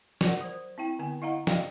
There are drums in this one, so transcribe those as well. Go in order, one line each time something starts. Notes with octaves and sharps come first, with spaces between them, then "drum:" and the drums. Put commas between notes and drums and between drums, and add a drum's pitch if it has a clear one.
F4 F#4 A#4 D5 F#5, drum: snare
F#3 C5
C4 E4 G5
D3 B3 G#5
E4 D#5 F5 F#5 A#5
D5 D#5 F5 G5, drum: snare